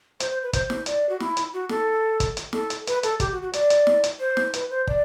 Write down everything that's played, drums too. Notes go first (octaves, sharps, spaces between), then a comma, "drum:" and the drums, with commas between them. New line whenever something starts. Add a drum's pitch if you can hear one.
C5, drum: hi-hat
C5
B4
C5, drum: kick, hi-hat
drum: snare
D5, drum: hi-hat
F#4
E4, drum: snare
drum: hi-hat
F#4
A4, drum: snare
drum: kick, hi-hat
drum: hi-hat
A4, drum: snare
drum: hi-hat
B4, drum: hi-hat
A4, drum: hi-hat
G4, drum: kick, hi-hat
F#4
F#4
D5, drum: hi-hat
drum: hi-hat
drum: snare
drum: hi-hat
C5
drum: snare
B4, drum: hi-hat
C5
D5, drum: kick